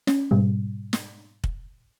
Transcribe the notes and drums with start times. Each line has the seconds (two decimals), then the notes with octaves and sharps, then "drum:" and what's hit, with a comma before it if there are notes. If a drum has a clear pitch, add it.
0.07 C#4, drum: snare
0.31 G#2 B2 G3
0.93 drum: snare
1.44 drum: kick